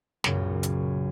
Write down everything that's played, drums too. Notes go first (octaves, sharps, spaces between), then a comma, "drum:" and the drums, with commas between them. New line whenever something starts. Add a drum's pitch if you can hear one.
B1 F#2 A#2 C#3, drum: snare
drum: hi-hat